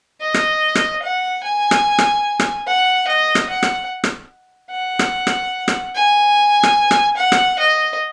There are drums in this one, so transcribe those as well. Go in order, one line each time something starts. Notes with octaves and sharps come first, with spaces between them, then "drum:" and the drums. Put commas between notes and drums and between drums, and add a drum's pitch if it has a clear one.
D#5
drum: rim click
drum: rim click
F#5
G#5
drum: rim click
drum: rim click
drum: rim click
F#5
D#5
drum: rim click
F#5
drum: rim click
drum: rim click
F#5
drum: rim click
drum: rim click
drum: rim click
G#5
drum: rim click
drum: rim click
F#5
drum: rim click
D#5